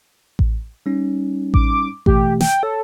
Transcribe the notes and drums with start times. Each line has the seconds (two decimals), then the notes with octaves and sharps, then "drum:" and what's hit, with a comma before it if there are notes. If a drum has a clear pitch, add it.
0.39 drum: kick A1
0.86 G3 C#4 D#4
1.54 D6, drum: kick A1
2.06 B2 E3 A3 G4, drum: kick A1
2.41 G5, drum: snare
2.63 A4 C#5